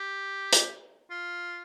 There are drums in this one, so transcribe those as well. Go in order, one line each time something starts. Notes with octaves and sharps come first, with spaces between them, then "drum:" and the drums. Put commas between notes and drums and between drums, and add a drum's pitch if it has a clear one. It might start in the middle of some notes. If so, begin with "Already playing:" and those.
Already playing: G4
drum: hi-hat
F4